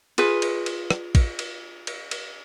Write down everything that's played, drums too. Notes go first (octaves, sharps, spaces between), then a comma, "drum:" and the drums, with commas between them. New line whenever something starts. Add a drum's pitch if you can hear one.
F4 G#4 B4, drum: cymbal
drum: cymbal
drum: cymbal
drum: rim click
drum: kick, cymbal
drum: cymbal
drum: cymbal
drum: cymbal